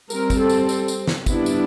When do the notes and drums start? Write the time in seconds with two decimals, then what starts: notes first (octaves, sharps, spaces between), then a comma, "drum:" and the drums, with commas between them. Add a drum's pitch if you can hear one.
0.10 G3 C4 A#4, drum: tambourine
0.30 drum: kick, tambourine
0.39 A4
0.49 drum: tambourine
0.69 drum: tambourine
0.88 drum: tambourine
1.07 drum: snare
1.26 G3 B3 D4 E4, drum: kick, tambourine
1.46 drum: tambourine